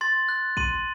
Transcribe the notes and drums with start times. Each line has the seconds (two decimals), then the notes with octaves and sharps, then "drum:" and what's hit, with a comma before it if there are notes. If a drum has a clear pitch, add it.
0.01 C6 A6
0.28 F#6
0.57 C6 D#7, drum: kick